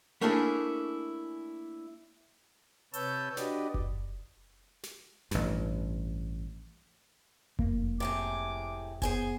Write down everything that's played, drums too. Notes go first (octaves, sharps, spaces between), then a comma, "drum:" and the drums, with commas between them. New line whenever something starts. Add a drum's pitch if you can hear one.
A3 A#3 C#4 D4 E4 G#4
C3 B4 C#5 A5 E6 G6, drum: hi-hat
D4 F#4 G4 B4 D5 D#5, drum: snare
drum: kick F#1
drum: snare
A1 G2, drum: snare
F1 A#3, drum: kick F#1
A2 C3 G#4 D6
B3 G#4 C5 G#5, drum: kick F#1